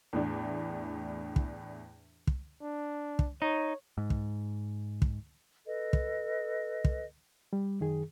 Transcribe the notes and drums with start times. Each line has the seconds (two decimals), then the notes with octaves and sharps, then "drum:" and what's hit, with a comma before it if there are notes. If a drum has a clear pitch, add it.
0.13 E2 A2 D4
1.36 drum: kick
2.27 drum: kick
2.63 D4
3.19 drum: kick
3.42 D#4 C#5
3.98 G#2
4.10 drum: kick
5.02 drum: kick
5.65 A4 B4 D#5
5.93 drum: kick
6.85 drum: kick
7.53 G3
7.80 F#2 D#3 G#4